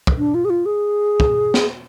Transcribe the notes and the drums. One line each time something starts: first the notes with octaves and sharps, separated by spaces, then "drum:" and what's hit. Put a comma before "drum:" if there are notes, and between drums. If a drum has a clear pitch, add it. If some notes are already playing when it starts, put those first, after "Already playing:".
drum: kick
D4
F4
G#4
F4
G#4
drum: kick
drum: snare